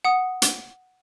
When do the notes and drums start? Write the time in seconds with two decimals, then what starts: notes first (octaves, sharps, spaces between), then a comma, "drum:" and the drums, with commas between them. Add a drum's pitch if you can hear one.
0.05 F#5 D#6
0.42 drum: hi-hat